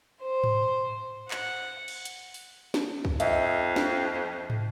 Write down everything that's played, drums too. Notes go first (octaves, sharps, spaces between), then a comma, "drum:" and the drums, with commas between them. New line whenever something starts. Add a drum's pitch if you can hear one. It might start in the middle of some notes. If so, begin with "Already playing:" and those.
C5
drum: tom G#2
F#5, drum: clap
drum: cymbal
drum: hi-hat
drum: open hi-hat
drum: snare
drum: kick
F2 D#5 E5, drum: hi-hat
drum: snare
drum: tom